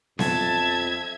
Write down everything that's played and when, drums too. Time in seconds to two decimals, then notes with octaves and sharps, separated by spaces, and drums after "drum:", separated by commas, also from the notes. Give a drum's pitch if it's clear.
0.19 F2 E5 A5 G#6, drum: snare B3